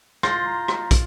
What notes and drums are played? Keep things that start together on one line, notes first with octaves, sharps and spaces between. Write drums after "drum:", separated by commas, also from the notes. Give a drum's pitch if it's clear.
F4 C6 G6 A#6, drum: rim click
A#5
drum: rim click
drum: kick, hi-hat